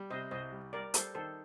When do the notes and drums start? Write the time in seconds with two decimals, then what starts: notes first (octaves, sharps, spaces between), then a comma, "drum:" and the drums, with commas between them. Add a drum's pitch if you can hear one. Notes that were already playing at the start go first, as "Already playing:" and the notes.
Already playing: G3
0.10 C3 C5 D#5
0.31 C2 C5 D#5
0.52 G3
0.73 G3 A#4 D5
0.94 G3 A4 C5, drum: hi-hat
1.15 D#3 A4 C5